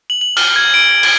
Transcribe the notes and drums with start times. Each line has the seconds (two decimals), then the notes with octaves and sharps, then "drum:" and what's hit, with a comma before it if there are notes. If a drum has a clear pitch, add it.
0.10 F#7
0.21 F#7
0.37 F6, drum: cymbal
0.56 G#6
0.74 D7
0.89 G#6
1.03 G#6, drum: cymbal